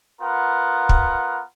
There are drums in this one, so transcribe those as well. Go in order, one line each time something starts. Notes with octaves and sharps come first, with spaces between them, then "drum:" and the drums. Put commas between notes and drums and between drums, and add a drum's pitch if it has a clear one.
B3 F4 A#4 B4 F#5
drum: kick